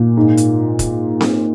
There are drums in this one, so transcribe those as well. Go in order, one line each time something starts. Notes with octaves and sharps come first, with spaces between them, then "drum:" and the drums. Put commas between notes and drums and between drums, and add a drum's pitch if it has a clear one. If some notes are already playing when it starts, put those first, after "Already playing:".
Already playing: A#2
G#2
drum: hi-hat
drum: kick E1, hi-hat
drum: snare C4